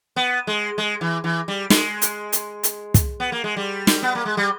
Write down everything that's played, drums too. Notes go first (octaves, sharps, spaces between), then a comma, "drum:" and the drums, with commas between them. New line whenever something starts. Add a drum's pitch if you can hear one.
B3
G#3
G#3
E3
E3
G3
G#3, drum: snare
drum: hi-hat
drum: hi-hat
drum: hi-hat
drum: kick, hi-hat
B3
A#3
G#3
G3
drum: snare
B3
A#3
G#3
G3